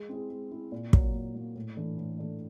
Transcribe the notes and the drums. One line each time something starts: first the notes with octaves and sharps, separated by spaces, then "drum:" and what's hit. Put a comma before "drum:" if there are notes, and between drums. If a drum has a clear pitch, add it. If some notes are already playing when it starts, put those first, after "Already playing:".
Already playing: G#3
C4 E4 G#4
G#3
C4 E4 G#4
A#2
F#3 A#3, drum: kick
A#2
F#3 A#3
A2
E3 A3 D4
A2
E3 A3 D4